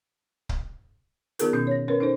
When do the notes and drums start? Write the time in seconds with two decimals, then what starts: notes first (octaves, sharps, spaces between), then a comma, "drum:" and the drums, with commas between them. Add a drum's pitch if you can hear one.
0.49 drum: kick C#1
1.39 D#3 B3 D#4 F4 G#4 A#4, drum: hi-hat
1.53 B2 C#4 D#6 G6
1.67 C#5 A#6
1.88 C#4 A#4 B4 C#5
2.00 C#4 D#4 A4 C5